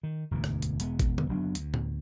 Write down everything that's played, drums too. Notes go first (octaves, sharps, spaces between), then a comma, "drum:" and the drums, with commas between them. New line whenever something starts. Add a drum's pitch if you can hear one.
D#3
E1 D2 G#2 E3
drum: rim click
drum: hi-hat
E1 G#3 B3, drum: hi-hat
drum: kick G#1, hi-hat
drum: tom D3
F#1 F#3 B3 D4
D2, drum: hi-hat
drum: tom A2